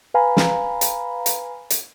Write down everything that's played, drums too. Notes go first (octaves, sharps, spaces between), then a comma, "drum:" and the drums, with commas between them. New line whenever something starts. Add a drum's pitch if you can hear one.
B4 F5 G#5 A#5 B5
drum: snare
drum: hi-hat
drum: hi-hat
drum: hi-hat